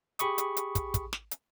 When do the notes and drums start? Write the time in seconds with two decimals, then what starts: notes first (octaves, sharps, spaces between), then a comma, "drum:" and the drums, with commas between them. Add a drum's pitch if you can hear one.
0.19 G4 G#4 B5 C#6 D#6, drum: hi-hat
0.38 drum: hi-hat
0.57 drum: hi-hat
0.75 drum: kick, hi-hat
0.94 drum: kick, hi-hat
1.13 drum: snare
1.31 drum: hi-hat